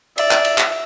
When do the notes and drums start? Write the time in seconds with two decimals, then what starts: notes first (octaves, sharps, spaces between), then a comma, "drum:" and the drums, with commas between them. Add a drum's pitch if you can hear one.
0.18 D5 E5, drum: cymbal
0.31 drum: clap
0.45 drum: cymbal
0.58 drum: clap